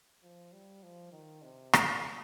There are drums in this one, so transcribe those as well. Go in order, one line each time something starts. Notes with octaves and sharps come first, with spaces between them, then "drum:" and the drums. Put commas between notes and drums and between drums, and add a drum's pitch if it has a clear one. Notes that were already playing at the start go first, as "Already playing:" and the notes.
F3
G3
F3
D#3
C3
A#2, drum: rim click